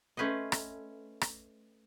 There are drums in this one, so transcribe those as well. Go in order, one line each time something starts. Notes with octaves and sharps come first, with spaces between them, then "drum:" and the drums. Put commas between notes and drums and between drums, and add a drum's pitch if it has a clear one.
A3 C#4 B4 C5 D#5
drum: rim click
drum: rim click